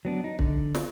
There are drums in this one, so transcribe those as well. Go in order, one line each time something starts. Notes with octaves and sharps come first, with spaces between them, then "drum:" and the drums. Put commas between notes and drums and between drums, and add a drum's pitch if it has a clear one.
F#3 B3 D4
D#4
D3, drum: kick
drum: snare